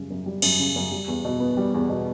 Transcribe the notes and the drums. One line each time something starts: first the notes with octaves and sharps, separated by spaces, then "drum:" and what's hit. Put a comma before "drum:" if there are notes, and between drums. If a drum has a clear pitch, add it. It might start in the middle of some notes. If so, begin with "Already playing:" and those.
Already playing: F#2 C#3 G3
F#2
G3
F#2, drum: cymbal
C#3
F#2
G3
E2
B2
B3
G3
E2
B2